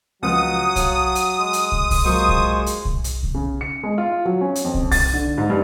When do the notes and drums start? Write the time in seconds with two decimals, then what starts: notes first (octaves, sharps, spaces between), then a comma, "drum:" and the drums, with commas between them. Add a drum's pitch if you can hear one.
0.23 C#2 F3 F#3 F#5 D#6
0.76 C#5 F5 A5, drum: kick, hi-hat
1.15 drum: hi-hat
1.38 G#3
1.53 drum: hi-hat
1.72 drum: kick
1.91 drum: kick, open hi-hat
2.05 F#3 G#3 A#3 F4 C5 C#6
2.29 drum: kick
2.66 drum: hi-hat
2.85 drum: kick
3.04 drum: hi-hat
3.23 drum: kick
3.34 C#3
3.61 C#7
3.83 G#3
3.98 F4
4.25 F#3
4.41 C#4
4.55 drum: hi-hat
4.65 F2
4.74 drum: kick
4.92 A6, drum: kick, open hi-hat
5.14 D3
5.38 G#2
5.50 G2